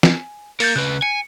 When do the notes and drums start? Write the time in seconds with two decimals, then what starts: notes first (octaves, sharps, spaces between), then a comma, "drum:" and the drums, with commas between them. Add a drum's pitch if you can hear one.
0.03 G#5, drum: snare
0.60 A#3 A#4 G6 A6 C#7, drum: open hi-hat
0.76 C#3 B4 F#6
1.02 G#5 C#7